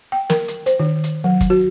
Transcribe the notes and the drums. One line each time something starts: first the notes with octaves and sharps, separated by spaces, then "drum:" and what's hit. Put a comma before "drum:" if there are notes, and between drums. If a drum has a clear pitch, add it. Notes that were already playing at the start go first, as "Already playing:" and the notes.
G5
A#4, drum: snare
drum: hi-hat
C5, drum: hi-hat
D#3
drum: hi-hat
F#3
drum: kick, hi-hat
F#4